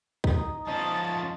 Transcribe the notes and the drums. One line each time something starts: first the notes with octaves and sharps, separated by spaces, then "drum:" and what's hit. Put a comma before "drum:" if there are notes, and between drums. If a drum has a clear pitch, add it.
D#4 D#5, drum: kick
F3 C#4 D#5 A5